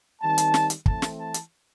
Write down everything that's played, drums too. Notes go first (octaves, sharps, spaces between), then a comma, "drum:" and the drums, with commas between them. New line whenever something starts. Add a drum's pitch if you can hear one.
D#3 G3 C4 D#4 A5
drum: hi-hat
drum: snare
drum: hi-hat
E3 A3 C4 A5, drum: kick
drum: snare
A5
drum: hi-hat